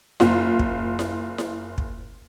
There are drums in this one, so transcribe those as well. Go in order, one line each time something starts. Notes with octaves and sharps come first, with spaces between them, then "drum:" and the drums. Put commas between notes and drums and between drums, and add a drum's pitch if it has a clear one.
F#1 F4, drum: snare E4
drum: kick
drum: snare E4
drum: snare E4
drum: kick